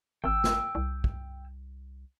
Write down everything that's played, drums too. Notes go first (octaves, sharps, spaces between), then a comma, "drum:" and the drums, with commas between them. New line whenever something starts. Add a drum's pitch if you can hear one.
G#1 G5 E6
drum: snare
C2
drum: kick